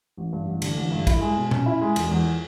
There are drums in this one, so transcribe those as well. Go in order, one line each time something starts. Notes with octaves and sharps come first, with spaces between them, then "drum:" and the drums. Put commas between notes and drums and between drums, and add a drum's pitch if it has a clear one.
A1
G2
A1
D3, drum: cymbal
A1
G2
E4, drum: kick, cymbal
G#3
B2
C#4, drum: tom A#2
E4
G#3
E1, drum: cymbal
E2